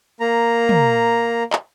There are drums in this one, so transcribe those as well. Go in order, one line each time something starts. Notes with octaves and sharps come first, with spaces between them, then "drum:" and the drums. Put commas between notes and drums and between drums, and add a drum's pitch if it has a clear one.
A#3 A#5
drum: tom
drum: clap